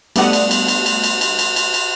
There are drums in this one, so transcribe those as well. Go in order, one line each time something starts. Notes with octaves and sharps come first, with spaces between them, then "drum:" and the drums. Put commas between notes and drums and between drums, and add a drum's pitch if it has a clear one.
G3 A3 B3 D4 D#5 F#5, drum: cymbal
drum: cymbal
drum: cymbal
drum: cymbal
drum: cymbal
drum: cymbal
drum: cymbal
drum: cymbal
drum: cymbal
drum: cymbal